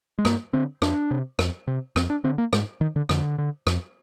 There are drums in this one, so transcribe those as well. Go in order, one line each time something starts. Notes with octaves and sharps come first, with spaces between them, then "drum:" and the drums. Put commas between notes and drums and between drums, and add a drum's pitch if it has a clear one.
G#3
G2 A#3, drum: rim click
D3 C4
F2 D4, drum: rim click
C3
F2, drum: rim click
C3
F2 C4, drum: rim click
D4
D3 C4
A#3
G#2 G#3, drum: rim click
D#3
D3
F2 D3, drum: rim click
D3
F2, drum: rim click